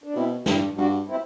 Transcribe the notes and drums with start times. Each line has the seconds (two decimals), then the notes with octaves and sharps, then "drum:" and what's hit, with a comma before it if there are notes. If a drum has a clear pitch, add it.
0.04 D4
0.15 B2 C4 E4
0.46 G2 E4 G4, drum: snare
0.77 G2 D4 F#4
1.09 C4 E4